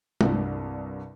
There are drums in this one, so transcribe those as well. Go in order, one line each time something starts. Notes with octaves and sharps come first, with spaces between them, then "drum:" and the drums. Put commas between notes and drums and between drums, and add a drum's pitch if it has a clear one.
C2 G2, drum: tom G#3